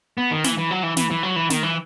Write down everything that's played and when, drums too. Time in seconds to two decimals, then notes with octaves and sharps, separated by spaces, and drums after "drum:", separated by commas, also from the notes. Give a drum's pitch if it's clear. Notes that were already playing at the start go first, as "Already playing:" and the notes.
0.18 B3
0.31 D#3
0.44 E3, drum: snare
0.58 E3
0.71 F#3
0.83 E3
0.97 E3, drum: snare
1.10 E3
1.23 F#3
1.36 E3
1.50 D#3, drum: snare
1.63 E3